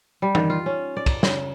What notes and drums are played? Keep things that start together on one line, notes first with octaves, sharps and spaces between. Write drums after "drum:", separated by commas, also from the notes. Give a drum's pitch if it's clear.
G3
D#3, drum: tom E3
F4
C#4
D5
drum: kick, cymbal
C#3, drum: snare